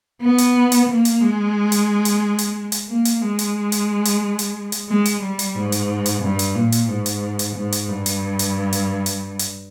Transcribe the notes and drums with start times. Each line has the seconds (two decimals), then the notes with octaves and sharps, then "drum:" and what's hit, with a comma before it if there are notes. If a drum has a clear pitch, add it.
0.22 B3
0.38 drum: hi-hat
0.72 drum: hi-hat
0.88 A#3
1.05 drum: hi-hat
1.22 G#3
1.72 drum: hi-hat
2.05 drum: hi-hat
2.39 drum: hi-hat
2.72 drum: hi-hat
2.88 A#3
3.05 drum: hi-hat
3.21 G#3
3.39 drum: hi-hat
3.72 drum: hi-hat
4.05 drum: hi-hat
4.39 drum: hi-hat
4.72 drum: hi-hat
4.89 G#3
5.05 drum: hi-hat
5.22 G3
5.39 drum: hi-hat
5.55 G#2
5.72 drum: hi-hat
6.06 drum: hi-hat
6.23 G2
6.39 drum: hi-hat
6.55 A#2
6.72 drum: hi-hat
6.89 G#2
7.06 drum: hi-hat
7.39 drum: hi-hat
7.56 G#2
7.72 drum: hi-hat
7.89 G2
8.06 drum: hi-hat
8.39 drum: hi-hat
8.73 drum: hi-hat
9.06 drum: hi-hat
9.39 drum: hi-hat